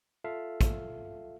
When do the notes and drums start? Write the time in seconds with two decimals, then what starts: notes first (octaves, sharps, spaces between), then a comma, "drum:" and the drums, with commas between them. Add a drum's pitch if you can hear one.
0.24 F4 A4 E5 F5
0.61 drum: kick, hi-hat